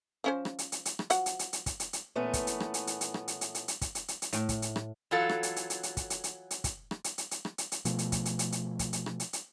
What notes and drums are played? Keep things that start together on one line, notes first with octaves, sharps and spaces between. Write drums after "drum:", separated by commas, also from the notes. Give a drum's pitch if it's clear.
F3 C#4 C5
drum: rim click
drum: hi-hat
drum: hi-hat
drum: hi-hat
drum: rim click
F3 F#4 F#5, drum: hi-hat
drum: hi-hat
drum: hi-hat
drum: hi-hat
drum: kick, hi-hat
drum: hi-hat
drum: hi-hat
A#2 E3 A3 B3 C#4
drum: kick, hi-hat
drum: hi-hat
drum: rim click
drum: hi-hat
drum: hi-hat
drum: hi-hat
drum: rim click
drum: hi-hat
drum: hi-hat
drum: hi-hat
drum: hi-hat
drum: kick, hi-hat
drum: hi-hat
drum: hi-hat
drum: hi-hat
A2, drum: hi-hat
drum: kick, hi-hat
drum: hi-hat
drum: rim click
E3 F#3 F4 A4
drum: rim click
drum: hi-hat
drum: hi-hat
drum: hi-hat
drum: hi-hat
drum: kick, hi-hat
drum: hi-hat
drum: hi-hat
drum: hi-hat
drum: kick, hi-hat
drum: rim click
drum: hi-hat
drum: hi-hat
drum: hi-hat
drum: rim click
drum: hi-hat
drum: hi-hat
B2 F3 A3, drum: hi-hat
drum: hi-hat
drum: kick, hi-hat
drum: hi-hat
drum: hi-hat
drum: hi-hat
drum: kick, hi-hat
drum: hi-hat
drum: rim click
drum: hi-hat
drum: hi-hat